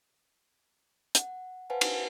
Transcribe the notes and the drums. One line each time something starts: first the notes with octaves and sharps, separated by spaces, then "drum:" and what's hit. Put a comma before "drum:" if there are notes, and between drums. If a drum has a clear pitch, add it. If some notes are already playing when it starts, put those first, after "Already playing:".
F#5, drum: hi-hat
B4 C5 F5 F#5 G#5 A5
drum: cymbal